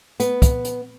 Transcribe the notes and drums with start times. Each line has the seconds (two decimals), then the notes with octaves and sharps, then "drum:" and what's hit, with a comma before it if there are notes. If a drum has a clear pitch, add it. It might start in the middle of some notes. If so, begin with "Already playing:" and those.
0.20 B3, drum: hi-hat
0.42 drum: kick, hi-hat
0.64 drum: hi-hat